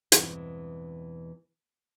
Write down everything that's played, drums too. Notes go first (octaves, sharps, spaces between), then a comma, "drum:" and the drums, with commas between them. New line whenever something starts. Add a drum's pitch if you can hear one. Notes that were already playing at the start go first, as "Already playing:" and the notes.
E2 G2 B2 E3 G#3 C4, drum: hi-hat